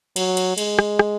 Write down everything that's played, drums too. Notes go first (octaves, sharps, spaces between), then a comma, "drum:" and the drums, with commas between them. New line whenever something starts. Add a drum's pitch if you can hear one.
F#3, drum: cymbal
drum: cymbal
G#3, drum: cymbal
drum: rim click
drum: rim click